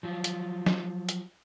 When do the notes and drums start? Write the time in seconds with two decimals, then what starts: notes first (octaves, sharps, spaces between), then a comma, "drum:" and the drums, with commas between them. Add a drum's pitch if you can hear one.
0.03 F3 F#3 F4
0.24 drum: hi-hat
0.66 drum: snare
1.09 drum: hi-hat